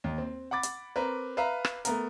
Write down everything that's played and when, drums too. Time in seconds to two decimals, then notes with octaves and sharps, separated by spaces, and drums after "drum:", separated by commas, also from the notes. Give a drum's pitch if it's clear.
0.04 D#2
0.18 C4
0.51 F#5 B5 D6 A6
0.63 drum: hi-hat
0.96 C4 A#4 B4
1.37 B4 E5 F5 A#5
1.65 drum: rim click
1.85 A3 B3 A#4, drum: hi-hat